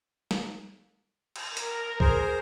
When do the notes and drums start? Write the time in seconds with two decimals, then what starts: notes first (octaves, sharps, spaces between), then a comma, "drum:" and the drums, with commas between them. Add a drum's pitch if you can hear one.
0.31 drum: snare
1.36 drum: cymbal
1.57 A#4, drum: hi-hat
2.00 G#4 C5, drum: kick